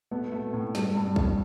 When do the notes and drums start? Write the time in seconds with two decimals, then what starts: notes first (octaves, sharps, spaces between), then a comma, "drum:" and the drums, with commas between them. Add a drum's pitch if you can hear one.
0.11 A3 B3
0.32 A3
0.53 A2
0.75 G2, drum: snare
0.95 G2
1.16 G2, drum: kick A#1